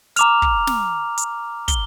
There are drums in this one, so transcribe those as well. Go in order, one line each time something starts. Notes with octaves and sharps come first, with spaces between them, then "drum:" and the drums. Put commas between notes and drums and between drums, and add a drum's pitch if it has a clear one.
A#5 D6 F6 F7, drum: hi-hat
drum: kick
drum: snare
drum: hi-hat
G7, drum: kick, hi-hat